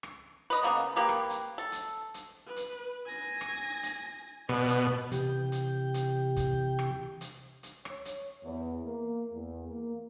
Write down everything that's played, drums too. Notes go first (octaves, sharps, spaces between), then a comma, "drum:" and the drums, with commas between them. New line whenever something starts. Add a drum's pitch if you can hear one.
drum: rim click
B4 D#5
C#3 A#3 B3
A#3 G4 B4
drum: rim click
drum: hi-hat
A4
drum: hi-hat
drum: hi-hat
B4
drum: hi-hat
G#5 A#6
drum: rim click
drum: hi-hat
B2 D5, drum: rim click
drum: hi-hat
C3 E3 G4 G5, drum: hi-hat
drum: hi-hat
drum: hi-hat
drum: kick, hi-hat
drum: rim click
drum: hi-hat
drum: hi-hat
C#5, drum: rim click
drum: hi-hat
E2
A#3
E2
A#3